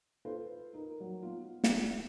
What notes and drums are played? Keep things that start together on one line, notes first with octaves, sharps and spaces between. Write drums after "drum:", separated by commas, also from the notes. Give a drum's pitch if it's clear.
F4 A4 B4 C5
D#4 A#4
F#3
B3 F4
drum: snare